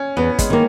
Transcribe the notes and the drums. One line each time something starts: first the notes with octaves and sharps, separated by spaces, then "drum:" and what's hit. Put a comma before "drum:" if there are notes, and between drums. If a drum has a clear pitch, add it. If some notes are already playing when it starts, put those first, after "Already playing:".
Already playing: C#4
E2 B3
G#3, drum: kick, hi-hat
D#3 A#3